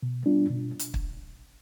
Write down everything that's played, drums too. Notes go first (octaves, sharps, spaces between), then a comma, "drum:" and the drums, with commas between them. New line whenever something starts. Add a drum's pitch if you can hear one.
B2
G3 B3 D4 F4
B2
drum: hi-hat
drum: kick